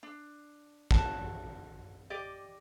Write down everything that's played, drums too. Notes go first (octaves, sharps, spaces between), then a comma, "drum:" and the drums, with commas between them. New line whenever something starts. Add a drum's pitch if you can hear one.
D4
F#4 A5, drum: kick
G4 D5 D#5